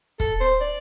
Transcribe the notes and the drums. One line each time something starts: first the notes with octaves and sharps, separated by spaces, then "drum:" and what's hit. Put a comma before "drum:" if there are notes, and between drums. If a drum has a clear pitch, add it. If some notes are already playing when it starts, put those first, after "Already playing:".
A4, drum: kick
C5
D5